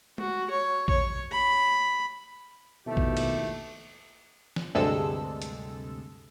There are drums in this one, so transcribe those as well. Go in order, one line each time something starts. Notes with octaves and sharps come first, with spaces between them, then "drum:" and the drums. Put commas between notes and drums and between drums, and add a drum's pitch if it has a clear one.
F#4, drum: tom G#3
C#5
C#5, drum: kick A1
B5
D#2 B2 F3 A3 E4 G4 E5
drum: kick A1
drum: cymbal
drum: snare
D2 G2 C3 G#3 A4 E6
drum: hi-hat